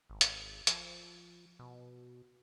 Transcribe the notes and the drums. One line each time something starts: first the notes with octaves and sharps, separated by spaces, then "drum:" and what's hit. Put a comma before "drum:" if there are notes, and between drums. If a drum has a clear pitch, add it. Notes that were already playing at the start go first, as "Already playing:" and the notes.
G#1
drum: hi-hat
F3, drum: hi-hat
B2